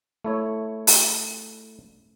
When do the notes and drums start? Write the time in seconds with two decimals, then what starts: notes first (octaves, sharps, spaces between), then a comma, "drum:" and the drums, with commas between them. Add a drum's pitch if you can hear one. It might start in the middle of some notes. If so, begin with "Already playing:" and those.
0.24 A3 E4 C#5
0.87 drum: open hi-hat